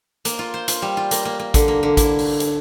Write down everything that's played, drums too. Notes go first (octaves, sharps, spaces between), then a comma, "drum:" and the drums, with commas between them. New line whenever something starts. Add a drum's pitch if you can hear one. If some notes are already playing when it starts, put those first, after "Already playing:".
A#3, drum: hi-hat
F4
C5
F4, drum: hi-hat
G3
F4
A#3, drum: hi-hat
A#3
A#3
D3, drum: kick A1, hi-hat
A#3
D3
E4, drum: kick A1, hi-hat
drum: open hi-hat
drum: hi-hat